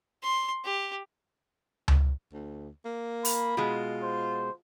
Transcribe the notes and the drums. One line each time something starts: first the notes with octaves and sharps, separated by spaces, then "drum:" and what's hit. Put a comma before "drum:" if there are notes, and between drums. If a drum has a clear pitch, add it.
C6
G4
drum: tom C#2
D2
A#3
B5, drum: open hi-hat
B2 G#3 F4
C5